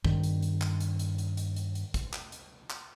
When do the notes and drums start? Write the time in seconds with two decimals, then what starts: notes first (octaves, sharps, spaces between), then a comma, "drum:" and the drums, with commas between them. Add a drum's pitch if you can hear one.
0.05 G2 D#3, drum: kick
0.24 drum: hi-hat
0.42 drum: hi-hat
0.61 drum: clap
0.80 drum: hi-hat
0.99 drum: hi-hat
1.18 drum: hi-hat
1.37 drum: hi-hat
1.56 drum: hi-hat
1.75 drum: hi-hat
1.94 drum: kick, hi-hat
2.13 drum: clap
2.32 drum: hi-hat
2.70 drum: clap